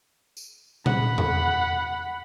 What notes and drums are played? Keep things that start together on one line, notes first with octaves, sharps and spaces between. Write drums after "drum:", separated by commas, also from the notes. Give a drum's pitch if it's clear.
drum: tambourine
F#5 B5, drum: tom A#2
drum: tom E2